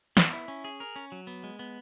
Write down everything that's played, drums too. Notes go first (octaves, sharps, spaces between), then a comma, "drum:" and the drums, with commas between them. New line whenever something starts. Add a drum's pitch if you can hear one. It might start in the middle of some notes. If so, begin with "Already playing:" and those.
B3, drum: snare
E4
C#4
G#4
A#4
C#4
F#3
B3
G#3
B3